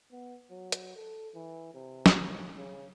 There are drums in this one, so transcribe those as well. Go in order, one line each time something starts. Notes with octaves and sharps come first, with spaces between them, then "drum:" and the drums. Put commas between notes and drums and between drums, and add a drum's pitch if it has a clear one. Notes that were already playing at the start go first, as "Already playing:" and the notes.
B3
F#3
drum: hi-hat
A4
E3
C3
drum: snare
D#2
C#3